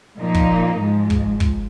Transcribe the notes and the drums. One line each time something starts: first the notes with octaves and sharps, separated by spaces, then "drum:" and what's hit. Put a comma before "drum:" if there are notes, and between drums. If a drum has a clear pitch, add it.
A#2 F3 A#3 D#4
drum: kick
G#2 F3 G#3
drum: kick
drum: kick